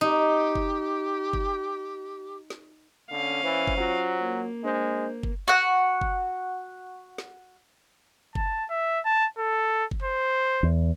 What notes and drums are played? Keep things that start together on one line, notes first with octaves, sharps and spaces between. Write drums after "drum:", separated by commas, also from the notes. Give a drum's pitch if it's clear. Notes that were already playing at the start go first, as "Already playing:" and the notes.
D#4 G4
drum: kick F#1
drum: kick F#1
drum: snare
D3 C#4 F5
E3 C5
drum: kick F#1
F#3 F4 C5
A#3
G#3 D4 C5 G6
drum: kick F#1
F#4 F#5
drum: kick F#1
drum: snare
A5, drum: kick F#1
E5
A5
A4
drum: kick F#1
C5
E2